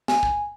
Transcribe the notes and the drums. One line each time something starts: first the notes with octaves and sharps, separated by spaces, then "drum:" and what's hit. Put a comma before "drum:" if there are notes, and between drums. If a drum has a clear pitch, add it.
G#5, drum: snare
drum: kick